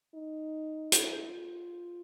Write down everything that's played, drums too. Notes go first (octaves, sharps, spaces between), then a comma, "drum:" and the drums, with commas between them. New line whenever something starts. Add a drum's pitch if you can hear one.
D#4
E4, drum: hi-hat
F4